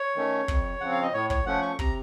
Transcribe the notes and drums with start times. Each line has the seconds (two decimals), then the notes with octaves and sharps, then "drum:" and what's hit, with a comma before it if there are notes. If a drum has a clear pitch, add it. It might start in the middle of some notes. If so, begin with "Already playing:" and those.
Already playing: C#5
0.15 D#3 A3 C#4
0.48 F2, drum: kick
0.80 C#3 F3 C4 F#5
0.92 F5
1.03 D#5
1.13 A2 C#5
1.30 C#5, drum: kick
1.45 F3 A3 C#4 F#5
1.62 C#6
1.79 C3 A#5, drum: kick